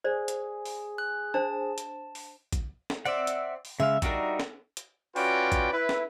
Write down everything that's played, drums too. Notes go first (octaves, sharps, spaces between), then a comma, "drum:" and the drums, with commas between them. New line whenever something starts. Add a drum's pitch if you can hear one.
G#4 C5 D5
drum: hi-hat
drum: open hi-hat
F#6
D4 C5 A5
drum: hi-hat
drum: open hi-hat
drum: kick, hi-hat
drum: snare
C4 D5 E5 F#5
drum: hi-hat
drum: open hi-hat
C#3 G#3 E5 F5
G3 D4 D#4 F#4 A#4 E5, drum: kick, hi-hat
drum: snare
drum: hi-hat
C#4 F4 F#4 B4 D5 G5, drum: open hi-hat
drum: kick, hi-hat
E4 B4
drum: snare